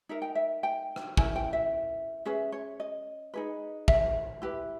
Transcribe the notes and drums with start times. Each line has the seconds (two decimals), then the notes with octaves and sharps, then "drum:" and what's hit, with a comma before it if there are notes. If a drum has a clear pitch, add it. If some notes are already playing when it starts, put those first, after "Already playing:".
0.09 D#4 A#4 E5
0.22 G5
0.35 E5
0.63 G5
0.96 drum: rim click
1.17 C#4 E4 A#4 G#5, drum: kick
1.36 G5
1.53 E5
2.25 C#4 G#4 B4 E5
2.52 C#5
2.80 D#5
3.34 D#4 G#4 B4
3.88 E5, drum: kick
4.42 E4 G4 B4